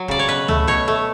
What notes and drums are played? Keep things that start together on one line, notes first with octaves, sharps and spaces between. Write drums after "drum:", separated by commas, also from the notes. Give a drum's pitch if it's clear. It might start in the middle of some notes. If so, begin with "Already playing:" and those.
Already playing: F#3
C#3 D5, drum: kick
C#5
B2 B4
A3, drum: tom C#2
B2 C#5
A3